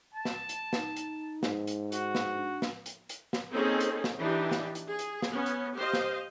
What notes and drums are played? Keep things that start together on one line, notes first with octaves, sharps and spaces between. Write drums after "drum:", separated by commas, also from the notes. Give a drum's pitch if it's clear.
A5
drum: snare
drum: hi-hat
D#4, drum: snare
drum: hi-hat
G#2, drum: snare
drum: hi-hat
F#4, drum: hi-hat
drum: snare
D4
drum: snare
drum: hi-hat
drum: hi-hat
drum: snare
A#3 C4 C#4 D#4 G#4 A4
drum: hi-hat
drum: snare
E3 D4 D#4 G4
drum: snare
drum: hi-hat
G#4
drum: hi-hat
drum: snare
B3 C#4
drum: hi-hat
G4 C5 D#5 F5
drum: snare